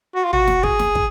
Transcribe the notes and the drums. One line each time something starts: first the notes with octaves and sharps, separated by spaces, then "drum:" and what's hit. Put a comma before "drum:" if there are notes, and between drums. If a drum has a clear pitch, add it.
F#4
F4
F#4, drum: tom
drum: snare
G#4, drum: kick
drum: snare
drum: kick